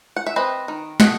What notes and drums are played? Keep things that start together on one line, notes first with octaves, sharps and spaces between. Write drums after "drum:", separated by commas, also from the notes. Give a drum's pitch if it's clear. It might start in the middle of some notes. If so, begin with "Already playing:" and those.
F#5
E5
C4 B4 D#5
D#3
A3 D#5 F#5, drum: snare